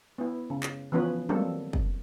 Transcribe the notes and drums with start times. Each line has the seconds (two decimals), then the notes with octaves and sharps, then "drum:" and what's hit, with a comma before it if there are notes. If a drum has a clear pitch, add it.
0.18 B3 E4
0.50 C#3
0.63 drum: clap
0.92 E3 F3 B3 C#4 B4
1.29 F#3 G3 A#3 C4 A4, drum: tom
1.73 drum: kick